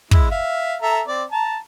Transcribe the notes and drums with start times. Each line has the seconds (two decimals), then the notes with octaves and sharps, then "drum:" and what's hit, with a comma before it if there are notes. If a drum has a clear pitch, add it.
0.11 G#3 E4, drum: kick
0.31 E5 F5
0.82 A4 E5 A#5
1.08 C4 D5
1.32 A5 A#5